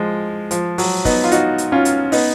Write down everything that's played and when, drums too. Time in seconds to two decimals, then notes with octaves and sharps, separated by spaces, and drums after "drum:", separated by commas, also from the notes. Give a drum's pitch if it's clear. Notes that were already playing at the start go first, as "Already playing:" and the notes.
Already playing: F3 G#3
0.51 F3, drum: hi-hat
0.78 F#3, drum: open hi-hat
1.05 B3 D#4, drum: kick, open hi-hat
1.24 F4
1.32 D#4 F#4, drum: hi-hat
1.58 drum: hi-hat
1.72 C#4 F4
1.85 drum: hi-hat
2.12 B3 D#4, drum: open hi-hat